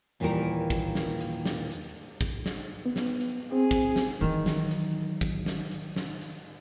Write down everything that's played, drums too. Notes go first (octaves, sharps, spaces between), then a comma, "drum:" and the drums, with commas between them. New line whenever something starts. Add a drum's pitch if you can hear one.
D#2 A#2 D#3 E3 G3 A#4
drum: kick, hi-hat
drum: snare
drum: hi-hat
drum: snare
drum: hi-hat
drum: kick, hi-hat
drum: snare
B3
drum: snare
drum: hi-hat
C4 G#4
drum: kick, hi-hat
drum: snare
D#3 E3 F#3
drum: snare
drum: hi-hat
drum: kick
drum: snare
drum: hi-hat
drum: snare
drum: hi-hat